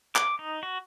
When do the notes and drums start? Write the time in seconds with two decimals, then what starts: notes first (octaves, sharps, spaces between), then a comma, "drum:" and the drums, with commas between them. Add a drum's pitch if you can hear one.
0.16 D6, drum: clap
0.39 D#4
0.63 F#4